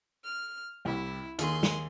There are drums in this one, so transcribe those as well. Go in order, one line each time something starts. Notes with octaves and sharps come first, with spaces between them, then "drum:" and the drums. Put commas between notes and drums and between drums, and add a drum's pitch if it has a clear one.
F6
C2 E4 G4
D#2 D#3 G#4 C6, drum: hi-hat
drum: snare